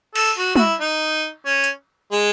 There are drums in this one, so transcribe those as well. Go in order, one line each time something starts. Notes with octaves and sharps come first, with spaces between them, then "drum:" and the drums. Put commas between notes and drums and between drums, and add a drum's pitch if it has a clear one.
A4, drum: cymbal
F#4
F#4, drum: tom
E4
D#4
C#4
drum: hi-hat
G#3